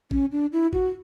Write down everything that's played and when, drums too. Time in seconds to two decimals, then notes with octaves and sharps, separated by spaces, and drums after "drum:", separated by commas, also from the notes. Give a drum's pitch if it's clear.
0.11 C#4, drum: kick
0.32 D4
0.53 E4
0.73 F#4, drum: kick